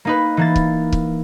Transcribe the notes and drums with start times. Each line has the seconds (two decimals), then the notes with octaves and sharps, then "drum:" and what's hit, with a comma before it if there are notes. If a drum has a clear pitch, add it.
0.05 A#3 D#4 B4
0.37 E3 A#3 A6
0.56 drum: kick C#1
0.93 drum: kick C#1